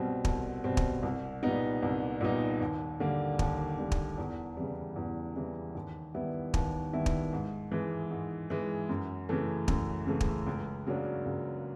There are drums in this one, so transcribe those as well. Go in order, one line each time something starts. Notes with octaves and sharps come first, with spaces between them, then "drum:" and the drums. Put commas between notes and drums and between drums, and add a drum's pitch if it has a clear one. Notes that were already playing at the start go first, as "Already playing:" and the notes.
Already playing: C2 B2 G3 C4
C2, drum: kick
B2 G3 C4
drum: kick
C2
A#2 G3 B3 D#4
C2
A#2 G3 B3 D#4
D#2
D3 G3 A#3
D#2, drum: kick
D3 G3 A#3
drum: kick
E2
C#3 E3 G3
E2
C#3 E3 G3
D#2
D#3 G3 B3 E4
D#2, drum: kick
D#3 G3 B3 E4
drum: kick
G#2
E3 G#3
G#2
E3 G#3
F#2
C#3 E3 A3
F#2, drum: kick
C#3 E3 A3
drum: kick
C#2
C#3 F#3 A#3 D4
C#2